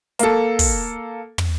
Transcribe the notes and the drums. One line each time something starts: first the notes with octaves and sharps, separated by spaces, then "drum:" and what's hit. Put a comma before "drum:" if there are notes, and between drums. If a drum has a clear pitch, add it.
A#3 A4, drum: hi-hat
drum: kick, open hi-hat
drum: tom